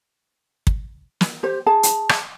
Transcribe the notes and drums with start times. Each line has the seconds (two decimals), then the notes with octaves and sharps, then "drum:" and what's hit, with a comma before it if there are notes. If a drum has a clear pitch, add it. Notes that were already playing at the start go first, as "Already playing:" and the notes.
0.67 drum: kick
1.21 drum: snare
1.43 G4 C5
1.66 G#4 A5
1.83 drum: hi-hat
2.09 drum: rim click